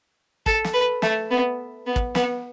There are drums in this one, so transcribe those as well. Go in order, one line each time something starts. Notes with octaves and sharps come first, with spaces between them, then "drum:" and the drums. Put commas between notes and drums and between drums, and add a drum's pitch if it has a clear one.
A4, drum: kick
drum: snare
B4
A3, drum: snare
B3
B3
drum: kick
B3, drum: snare